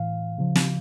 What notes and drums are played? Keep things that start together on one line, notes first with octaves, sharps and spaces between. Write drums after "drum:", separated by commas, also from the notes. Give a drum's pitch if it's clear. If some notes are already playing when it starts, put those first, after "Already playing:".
Already playing: A2 E3 F5
C#3 F3
drum: snare